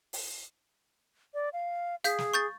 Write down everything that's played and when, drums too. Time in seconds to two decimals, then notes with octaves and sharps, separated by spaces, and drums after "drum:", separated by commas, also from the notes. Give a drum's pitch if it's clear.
0.13 drum: open hi-hat
1.34 D5
1.53 F5
2.04 G#4 F5 G6 B6, drum: hi-hat
2.18 drum: snare
2.34 C#6 G6 A6